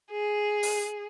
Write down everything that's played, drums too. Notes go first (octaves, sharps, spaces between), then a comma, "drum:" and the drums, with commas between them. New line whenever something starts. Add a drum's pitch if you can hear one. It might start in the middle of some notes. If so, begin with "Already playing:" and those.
G#4
drum: open hi-hat